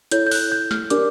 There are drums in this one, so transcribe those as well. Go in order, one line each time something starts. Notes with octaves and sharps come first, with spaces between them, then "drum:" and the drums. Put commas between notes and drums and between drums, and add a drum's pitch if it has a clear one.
E4 A4 C#5 G6, drum: hi-hat
G6
F#6, drum: open hi-hat
G6
F6, drum: snare
D4 G4 A#4 D5 D6, drum: hi-hat